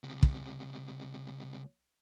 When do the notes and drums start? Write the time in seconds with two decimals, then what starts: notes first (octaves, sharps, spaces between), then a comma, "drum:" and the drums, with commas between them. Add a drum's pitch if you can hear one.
0.03 C#2 C3
0.23 drum: kick